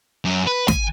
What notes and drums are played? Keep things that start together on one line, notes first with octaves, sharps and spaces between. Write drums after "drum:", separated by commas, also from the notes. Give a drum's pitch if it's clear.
F#2
B4
G#5, drum: snare